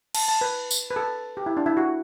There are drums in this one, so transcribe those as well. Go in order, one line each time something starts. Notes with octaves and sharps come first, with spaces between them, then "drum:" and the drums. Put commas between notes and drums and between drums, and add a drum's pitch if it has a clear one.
A5, drum: cymbal
A5
B4
drum: tambourine
B4
A4
G4
E4
D4
E4
F#4